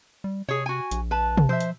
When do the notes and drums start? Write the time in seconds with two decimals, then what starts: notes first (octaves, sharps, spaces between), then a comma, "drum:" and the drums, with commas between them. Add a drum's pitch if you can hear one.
0.24 G3
0.48 C3 G#4 C#5
0.66 F#4 G#5
0.91 A#1, drum: hi-hat
1.11 B4 A5
1.37 drum: tom
1.49 F3 C5 E5
1.61 drum: hi-hat